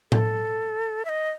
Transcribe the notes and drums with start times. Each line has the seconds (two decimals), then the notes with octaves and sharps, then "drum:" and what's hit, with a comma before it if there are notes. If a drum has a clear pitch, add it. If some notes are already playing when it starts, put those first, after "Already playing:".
0.12 A4, drum: tom A2
1.05 E5
1.09 D#5